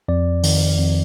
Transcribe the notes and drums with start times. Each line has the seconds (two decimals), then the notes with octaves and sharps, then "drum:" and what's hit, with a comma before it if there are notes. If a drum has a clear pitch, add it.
0.08 F2 D5
0.43 D#3, drum: open hi-hat
0.78 F2